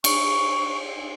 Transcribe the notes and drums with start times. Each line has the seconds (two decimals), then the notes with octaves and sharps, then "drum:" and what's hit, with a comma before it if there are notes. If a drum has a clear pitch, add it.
0.04 C#6, drum: cymbal